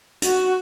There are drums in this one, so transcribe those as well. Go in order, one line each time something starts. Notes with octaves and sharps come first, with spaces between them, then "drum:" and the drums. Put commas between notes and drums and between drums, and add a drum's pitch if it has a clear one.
F#4, drum: hi-hat